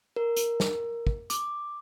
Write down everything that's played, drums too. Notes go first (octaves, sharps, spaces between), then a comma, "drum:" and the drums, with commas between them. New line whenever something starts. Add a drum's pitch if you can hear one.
A#4
drum: hi-hat
drum: snare
drum: kick
D6, drum: hi-hat